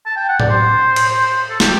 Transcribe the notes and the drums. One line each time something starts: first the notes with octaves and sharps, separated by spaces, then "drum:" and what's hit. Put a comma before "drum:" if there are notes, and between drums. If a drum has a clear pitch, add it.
A5
G5
F#5
D5, drum: tom A2
C5
drum: cymbal
A4
G4, drum: snare